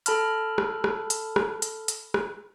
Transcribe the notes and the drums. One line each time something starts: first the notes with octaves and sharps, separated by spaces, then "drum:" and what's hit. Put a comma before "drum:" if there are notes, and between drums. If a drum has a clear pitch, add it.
A4 A5 B5 F6, drum: hi-hat
drum: rim click
drum: rim click
drum: hi-hat
drum: rim click
drum: hi-hat
drum: hi-hat
drum: rim click